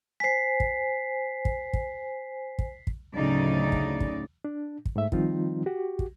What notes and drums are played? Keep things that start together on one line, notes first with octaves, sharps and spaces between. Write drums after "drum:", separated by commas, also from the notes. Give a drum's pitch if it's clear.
C5 G#5 B6 C7
drum: kick
drum: kick
drum: kick
drum: kick
drum: kick
D2 A2 C#3 F#3 D#4 D5
drum: kick
drum: kick
D4
drum: kick
G#2 A3 E5
D#3 F3 G3 C4 D#4 F4, drum: kick
F#4 G4
drum: kick